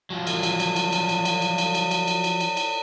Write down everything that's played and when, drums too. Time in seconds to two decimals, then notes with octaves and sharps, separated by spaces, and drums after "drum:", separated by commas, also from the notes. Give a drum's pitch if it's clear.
0.10 F3 F#3
0.27 drum: cymbal
0.43 drum: cymbal
0.60 drum: cymbal
0.76 drum: cymbal
0.93 drum: cymbal
1.09 drum: cymbal
1.25 drum: cymbal
1.42 drum: cymbal
1.58 drum: cymbal
1.75 drum: cymbal
1.91 drum: cymbal
2.08 drum: cymbal
2.24 drum: cymbal
2.40 drum: cymbal
2.57 drum: cymbal